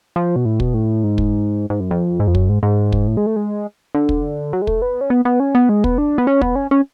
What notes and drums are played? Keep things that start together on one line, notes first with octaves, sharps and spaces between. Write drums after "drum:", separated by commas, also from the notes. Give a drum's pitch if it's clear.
F3
B2
A2
B2, drum: kick
A2
G#2
drum: kick
G#2
F#2
F2
G#2
F2
F#2, drum: kick
G#2
G#2
drum: kick
A2
G#3
A3
G#3
D3
drum: kick
F#3
G#3
A3, drum: kick
B3
C#4
B3
B3
C#4
B3
G#3
B3, drum: kick
D4
B3
C#4
B3, drum: kick
C#4
C#4